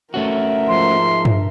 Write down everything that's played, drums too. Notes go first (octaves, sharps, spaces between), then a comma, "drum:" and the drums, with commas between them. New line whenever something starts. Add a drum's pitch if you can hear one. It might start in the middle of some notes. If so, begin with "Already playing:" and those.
A3 C#4 F#4 A#4 E5
G#2 F3 C6
drum: tom G2